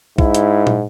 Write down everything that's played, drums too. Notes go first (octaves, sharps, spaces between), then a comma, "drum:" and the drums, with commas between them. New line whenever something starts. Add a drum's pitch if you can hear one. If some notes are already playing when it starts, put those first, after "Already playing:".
G#2 E4, drum: kick
drum: hi-hat
drum: tom